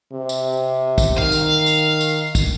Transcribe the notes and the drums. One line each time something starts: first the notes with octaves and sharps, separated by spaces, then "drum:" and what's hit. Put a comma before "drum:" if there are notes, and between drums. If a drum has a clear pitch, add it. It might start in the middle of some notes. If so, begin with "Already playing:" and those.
C3
drum: tambourine
drum: kick, tambourine
D#3 F5
drum: tambourine
drum: tambourine
drum: tambourine
drum: kick, tambourine